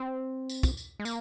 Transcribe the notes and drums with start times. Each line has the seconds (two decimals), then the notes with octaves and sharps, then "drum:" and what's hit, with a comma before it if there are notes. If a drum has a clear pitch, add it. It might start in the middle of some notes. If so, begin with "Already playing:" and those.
Already playing: C4
0.49 drum: tambourine
0.63 drum: kick, tambourine
0.77 drum: tambourine
0.99 G#3
1.05 A#3, drum: tambourine